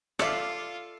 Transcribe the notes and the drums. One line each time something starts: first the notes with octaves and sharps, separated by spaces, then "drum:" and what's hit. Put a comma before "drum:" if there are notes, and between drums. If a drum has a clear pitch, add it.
F4 A4 D5 E5 F5, drum: rim click